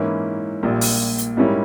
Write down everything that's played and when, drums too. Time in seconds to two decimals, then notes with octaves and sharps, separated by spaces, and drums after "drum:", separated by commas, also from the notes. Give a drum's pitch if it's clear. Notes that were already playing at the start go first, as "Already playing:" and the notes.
Already playing: G#2 E3 A#3 C#4 E4
0.63 A#1 A#2 G3
0.81 drum: open hi-hat
1.18 drum: hi-hat
1.37 G#2 G3 A#3 C#4 E4